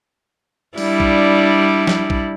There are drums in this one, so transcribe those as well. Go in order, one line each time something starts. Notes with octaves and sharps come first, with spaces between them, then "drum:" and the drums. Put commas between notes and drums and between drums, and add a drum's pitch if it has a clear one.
G3 D4 E4, drum: open hi-hat
drum: kick
drum: snare
drum: kick